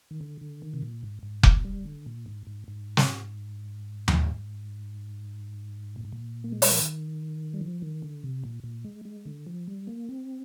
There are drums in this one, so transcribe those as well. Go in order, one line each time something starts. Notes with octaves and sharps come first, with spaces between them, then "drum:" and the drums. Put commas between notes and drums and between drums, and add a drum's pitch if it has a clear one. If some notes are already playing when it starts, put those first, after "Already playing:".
D#3
D3
D3
D#3
C3
A#2
G#2
G#2
A#2, drum: kick F1
G3
D3
A#2
G#2
G#2
G#2
drum: snare
drum: tom D#2
A#2
G#2
A#2
A#3
G#3
G3, drum: open hi-hat
F3
D#3
G3
F3
D#3
D3
C3
A#2
A#2
G#3
G#3
D3
F3
G3
A#3
C4